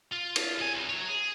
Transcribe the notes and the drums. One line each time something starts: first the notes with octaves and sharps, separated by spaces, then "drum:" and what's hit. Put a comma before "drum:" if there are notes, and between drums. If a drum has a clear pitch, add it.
F4
drum: cymbal
C3 G#5
C2
F#3 C#5
G#4